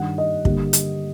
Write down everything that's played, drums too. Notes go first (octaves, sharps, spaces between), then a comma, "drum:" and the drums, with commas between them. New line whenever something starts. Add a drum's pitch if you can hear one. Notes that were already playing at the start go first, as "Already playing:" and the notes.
Already playing: G2 D#3 G3 F#5
D#5
G2 D3 G3 A#3, drum: kick
drum: hi-hat